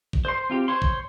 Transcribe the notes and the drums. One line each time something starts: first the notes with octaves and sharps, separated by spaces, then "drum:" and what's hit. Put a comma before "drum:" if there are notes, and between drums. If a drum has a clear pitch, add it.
drum: kick A#1
C5 C6
C4 F4 G4
C5 C#5 C6
drum: kick A#1